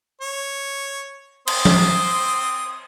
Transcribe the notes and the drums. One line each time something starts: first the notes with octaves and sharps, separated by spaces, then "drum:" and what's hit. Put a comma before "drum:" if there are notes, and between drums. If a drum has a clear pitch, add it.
C#5
C4 C5 D#6, drum: cymbal
drum: tom F3